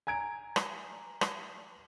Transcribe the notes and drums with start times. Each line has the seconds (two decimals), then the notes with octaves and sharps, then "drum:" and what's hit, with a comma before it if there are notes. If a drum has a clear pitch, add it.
0.07 G#5 A#5 G#6 D7
0.56 drum: rim click
1.21 drum: rim click